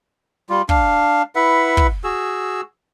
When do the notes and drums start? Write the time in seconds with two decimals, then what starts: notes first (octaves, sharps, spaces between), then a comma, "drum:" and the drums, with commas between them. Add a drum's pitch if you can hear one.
0.50 G3 F4
0.69 D4 F5, drum: kick
1.35 E4 B4 E5 F#5
1.77 drum: kick
2.04 F#4 G#4 E6